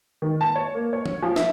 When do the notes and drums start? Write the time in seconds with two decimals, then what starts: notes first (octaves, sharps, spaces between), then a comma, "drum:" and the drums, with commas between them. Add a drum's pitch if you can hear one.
0.22 D#3
0.41 A5
0.56 C#5
0.75 A#3
0.93 C#5
1.06 drum: tom
1.22 F3
1.36 E5, drum: snare